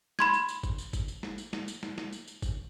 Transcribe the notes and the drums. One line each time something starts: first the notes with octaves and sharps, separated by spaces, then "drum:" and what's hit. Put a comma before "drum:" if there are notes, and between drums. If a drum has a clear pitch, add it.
B5 C6 G#6, drum: snare
drum: tambourine
drum: tambourine
drum: kick G#1, tambourine
drum: tambourine
drum: kick G#1, tambourine
drum: tambourine
drum: snare
drum: tambourine
drum: snare
drum: tambourine
drum: snare
drum: snare
drum: tambourine
drum: tambourine
drum: kick G#1, tambourine